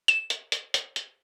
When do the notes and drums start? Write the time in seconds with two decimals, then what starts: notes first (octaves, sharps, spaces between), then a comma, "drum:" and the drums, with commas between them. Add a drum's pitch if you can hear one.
0.08 E7, drum: hi-hat
0.30 drum: hi-hat
0.52 drum: hi-hat
0.74 drum: hi-hat
0.96 drum: hi-hat